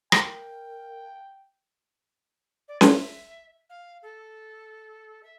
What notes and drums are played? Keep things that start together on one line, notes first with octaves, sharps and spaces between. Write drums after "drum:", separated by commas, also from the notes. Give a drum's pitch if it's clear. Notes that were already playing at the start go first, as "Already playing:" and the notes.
A#4 G5, drum: rim click
D5
E5, drum: snare C#4
F5
A4
E5